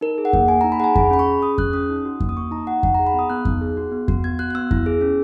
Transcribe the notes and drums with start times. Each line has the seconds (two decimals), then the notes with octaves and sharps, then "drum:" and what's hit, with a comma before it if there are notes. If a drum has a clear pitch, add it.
0.01 D#4 A#4
0.18 G#4
0.25 F#5
0.33 A#3, drum: kick F2
0.48 A#3 G#5
0.61 D#4 A#5
0.72 B5
0.80 G#4 F#5 G#5
0.96 G#4 B5, drum: kick F2
1.11 C#4 B5
1.19 C#6
1.27 G#4
1.42 C#4 D#6
1.58 G#4 F#6, drum: kick F2
1.73 C#4 D#6
1.89 D#4
2.05 F#4
2.20 A#3, drum: kick F2
2.29 D#6
2.37 A#3 C#6
2.51 D#4 A#5
2.67 F#4 F#5
2.83 D#4 F#5, drum: kick F2
2.95 G#4 A#5
3.07 B5
3.14 B3
3.19 D#6
3.30 B3 F#6
3.45 D#4, drum: kick F2
3.61 G#4
3.77 F#4
3.92 B3
4.08 F#4, drum: kick F2
4.24 B3 G#6
4.39 F#4 F#6
4.50 F#6
4.55 B3 E6
4.71 E4, drum: kick F2
4.86 G#4
5.01 C#4